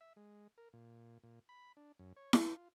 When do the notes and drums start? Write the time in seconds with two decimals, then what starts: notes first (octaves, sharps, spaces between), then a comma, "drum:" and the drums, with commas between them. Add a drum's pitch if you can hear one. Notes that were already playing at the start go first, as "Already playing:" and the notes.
0.01 E5
0.16 G#3
0.58 A#4
0.73 A#2
1.24 A#2
1.49 B5
1.77 D4
1.99 F#2
2.17 C#5
2.33 F5, drum: snare E4
2.47 F4